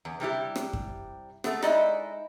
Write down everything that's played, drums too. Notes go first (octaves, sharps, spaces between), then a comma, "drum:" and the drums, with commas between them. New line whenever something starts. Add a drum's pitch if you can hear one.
E2
C3 G3 E4 G4
drum: rim click
drum: kick F#2
A3 B3, drum: rim click
G#3 D#4 E4 D5 D#5, drum: rim click